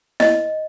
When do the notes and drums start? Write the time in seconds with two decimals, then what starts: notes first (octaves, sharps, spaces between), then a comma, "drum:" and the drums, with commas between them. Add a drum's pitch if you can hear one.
0.20 D#5, drum: snare E4